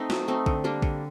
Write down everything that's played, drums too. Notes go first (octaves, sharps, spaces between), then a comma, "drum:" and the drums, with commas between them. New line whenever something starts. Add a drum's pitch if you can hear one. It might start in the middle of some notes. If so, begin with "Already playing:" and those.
Already playing: A3 C4 D#4
F#3, drum: snare
A3 C4 D#4
D3, drum: kick
G3 A#3 D4
D3, drum: kick